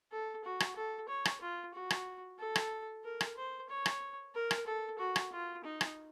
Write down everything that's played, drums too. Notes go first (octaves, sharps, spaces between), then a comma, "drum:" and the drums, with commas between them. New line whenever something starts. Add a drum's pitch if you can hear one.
A4
F#4
drum: rim click
A4
C#5
drum: rim click
F4
F#4
drum: rim click
A4
drum: rim click
A#4
drum: rim click
C5
C#5
drum: rim click
A#4
drum: rim click
A4
F#4
drum: rim click
F4
D#4
drum: rim click